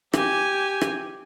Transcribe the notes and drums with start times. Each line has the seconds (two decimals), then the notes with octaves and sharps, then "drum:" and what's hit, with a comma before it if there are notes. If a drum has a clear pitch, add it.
0.14 G4 G#5, drum: rim click
0.81 drum: rim click